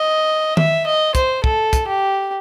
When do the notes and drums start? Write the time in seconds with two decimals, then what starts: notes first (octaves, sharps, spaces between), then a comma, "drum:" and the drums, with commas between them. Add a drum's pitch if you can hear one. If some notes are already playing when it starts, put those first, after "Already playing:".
Already playing: D#5
0.57 E5, drum: tom D#3
0.86 D#5
1.15 C5, drum: kick, hi-hat
1.44 A4, drum: kick
1.73 drum: kick, hi-hat
1.87 G4